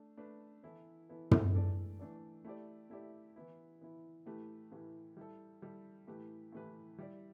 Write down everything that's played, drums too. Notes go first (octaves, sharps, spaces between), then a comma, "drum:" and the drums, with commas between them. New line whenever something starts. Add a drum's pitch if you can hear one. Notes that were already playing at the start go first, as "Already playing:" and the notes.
Already playing: A3 D4
A3 D4 B4
E3 B3 E4 A4
E3 B3 E4 A4
drum: tom
E3 A3 D4 A4 D5
E3 A3 D4 A4 D5
A3 E4 G4 D5
A3 E4 G4 D5
E3 B3 E4
E3 B3 E4
A2 E3 A3 G4 B4
A2 E3 A3 G4 B4
G3 E4 A4
G3 E4 A4
A2 E3 A3 G4 B4
A2 E3 A3 G4 B4
G3 E4 G4 D5